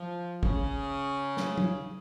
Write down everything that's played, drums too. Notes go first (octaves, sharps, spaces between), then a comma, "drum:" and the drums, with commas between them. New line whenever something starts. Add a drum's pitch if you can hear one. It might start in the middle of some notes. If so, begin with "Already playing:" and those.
Already playing: F3
C#3, drum: kick
drum: snare
drum: tom F#3